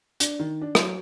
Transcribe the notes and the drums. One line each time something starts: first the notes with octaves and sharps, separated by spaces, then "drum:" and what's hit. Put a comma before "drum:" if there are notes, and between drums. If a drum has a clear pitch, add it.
D4, drum: hi-hat
D#3
D4
F#3, drum: rim click